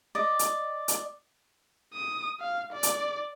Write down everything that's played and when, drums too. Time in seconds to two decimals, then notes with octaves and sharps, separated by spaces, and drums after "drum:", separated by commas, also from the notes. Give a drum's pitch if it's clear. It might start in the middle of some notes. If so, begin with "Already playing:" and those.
0.15 D5 D#5
0.39 drum: hi-hat
0.88 drum: hi-hat
1.94 D#6
2.40 F5
2.73 D5
2.83 drum: hi-hat